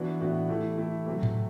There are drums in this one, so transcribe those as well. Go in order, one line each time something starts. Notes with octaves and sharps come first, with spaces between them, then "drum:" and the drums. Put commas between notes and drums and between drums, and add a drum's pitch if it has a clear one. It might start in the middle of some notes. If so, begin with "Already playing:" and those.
Already playing: E3 B3 D4 F#4
A2 E3 B3 D4 F#4
E3 A3 E4 G4
E3 A3 E4 G4
C3 F#3 A3
drum: tom G#2